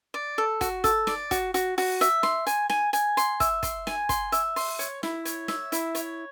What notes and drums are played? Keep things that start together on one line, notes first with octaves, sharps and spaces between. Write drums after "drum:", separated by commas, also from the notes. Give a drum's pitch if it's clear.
D5
A4
F#4, drum: kick, hi-hat
A4, drum: kick, hi-hat
D5, drum: snare
F#4, drum: kick, hi-hat
F#4, drum: hi-hat
F#4, drum: open hi-hat
E5, drum: hi-hat
C6, drum: snare
G#5, drum: hi-hat
G#5, drum: snare
G#5, drum: hi-hat
C6, drum: hi-hat
E5, drum: kick, hi-hat
C6, drum: kick, hi-hat
G#5, drum: snare
C6, drum: kick, hi-hat
E5, drum: hi-hat
C6, drum: open hi-hat
C#5, drum: hi-hat
E4, drum: snare
C#5, drum: hi-hat
E5, drum: snare
E4, drum: hi-hat
C#5, drum: hi-hat